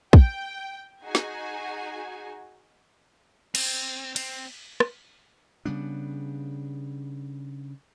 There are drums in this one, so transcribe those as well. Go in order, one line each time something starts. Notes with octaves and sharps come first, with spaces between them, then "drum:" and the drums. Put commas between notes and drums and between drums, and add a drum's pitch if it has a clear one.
G5, drum: kick
D#4 F#4 G#4 G#5
drum: snare
C4, drum: cymbal
C4, drum: cymbal
drum: rim click
C#3 G3 B3 D4